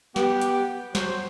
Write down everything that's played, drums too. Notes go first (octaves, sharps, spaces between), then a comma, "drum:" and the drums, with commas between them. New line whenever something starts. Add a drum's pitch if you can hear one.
B3 G4, drum: snare
drum: hi-hat
F#3 C5, drum: snare